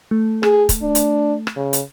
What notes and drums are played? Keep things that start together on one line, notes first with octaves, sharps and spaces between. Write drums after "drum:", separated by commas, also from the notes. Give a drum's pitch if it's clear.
A3
G#4, drum: rim click
drum: kick, hi-hat
D4
drum: hi-hat
drum: rim click
C#3
drum: hi-hat